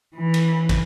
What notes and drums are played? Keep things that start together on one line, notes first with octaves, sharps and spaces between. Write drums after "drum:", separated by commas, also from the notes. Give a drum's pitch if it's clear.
E3
drum: cymbal
drum: kick, cymbal